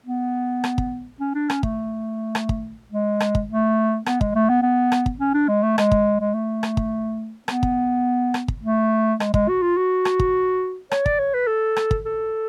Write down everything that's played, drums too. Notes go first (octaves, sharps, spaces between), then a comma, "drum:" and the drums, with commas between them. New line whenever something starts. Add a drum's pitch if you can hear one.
B3
drum: rim click
drum: kick
C#4
D4
C#4, drum: rim click
A3, drum: kick
drum: rim click
drum: kick
G#3
drum: rim click
drum: kick
A3
B3, drum: rim click
G#3, drum: kick
A3
B3
B3
drum: rim click
drum: kick
C#4
D4
G#3
A3
G#3, drum: rim click
drum: kick
G#3
A3
drum: rim click
drum: kick
B3, drum: rim click
drum: kick
drum: rim click
drum: kick
A3
G#3, drum: rim click
G#3, drum: kick
F#4
F4
F#4
drum: rim click
drum: kick
C#5, drum: rim click
D5, drum: kick
C#5
B4
A4
drum: rim click
drum: kick
A4